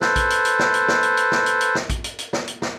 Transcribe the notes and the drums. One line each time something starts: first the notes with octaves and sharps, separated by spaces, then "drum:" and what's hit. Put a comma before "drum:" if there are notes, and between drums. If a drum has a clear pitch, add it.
A4 B4 C5, drum: snare
drum: kick, hi-hat
drum: hi-hat
drum: hi-hat
drum: snare
drum: hi-hat
drum: snare
drum: hi-hat
drum: hi-hat
drum: snare
drum: hi-hat
drum: hi-hat
drum: snare
drum: kick, hi-hat
drum: hi-hat
drum: hi-hat
drum: snare
drum: hi-hat
drum: snare